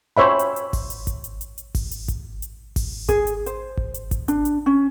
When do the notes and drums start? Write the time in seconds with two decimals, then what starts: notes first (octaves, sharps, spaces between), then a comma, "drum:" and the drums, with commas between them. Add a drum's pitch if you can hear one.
0.17 C5 C#5 E5 B5
0.39 drum: hi-hat
0.56 drum: hi-hat
0.73 drum: kick G#1, open hi-hat
0.90 drum: hi-hat
1.07 drum: kick G#1, hi-hat
1.24 drum: hi-hat
1.41 drum: hi-hat
1.58 drum: hi-hat
1.75 drum: kick G#1, open hi-hat
1.91 drum: hi-hat
2.08 drum: kick G#1, hi-hat
2.42 drum: hi-hat
2.76 drum: kick G#1, open hi-hat
3.09 G#4, drum: kick G#1, hi-hat
3.27 drum: hi-hat
3.46 C5, drum: hi-hat
3.77 drum: kick G#1
3.94 drum: hi-hat
4.11 drum: kick G#1, hi-hat
4.28 D4, drum: hi-hat
4.45 drum: hi-hat
4.66 C#4